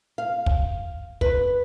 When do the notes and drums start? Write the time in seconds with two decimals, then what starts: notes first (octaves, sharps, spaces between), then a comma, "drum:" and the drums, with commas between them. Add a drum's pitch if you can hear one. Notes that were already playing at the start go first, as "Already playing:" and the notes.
0.18 F5
0.46 drum: kick
1.21 B4, drum: kick